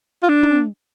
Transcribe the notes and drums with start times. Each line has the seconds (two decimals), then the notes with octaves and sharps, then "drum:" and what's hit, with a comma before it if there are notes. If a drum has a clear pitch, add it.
0.23 F4
0.29 D4
0.43 drum: tom